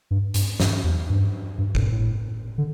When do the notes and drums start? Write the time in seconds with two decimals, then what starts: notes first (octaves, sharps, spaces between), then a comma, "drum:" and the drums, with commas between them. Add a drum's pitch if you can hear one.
0.11 G2
0.34 G2, drum: hi-hat
0.60 G2, drum: snare
0.84 E2
1.10 G2
1.58 G2
1.75 G2, drum: kick G1
1.92 A2
2.58 D3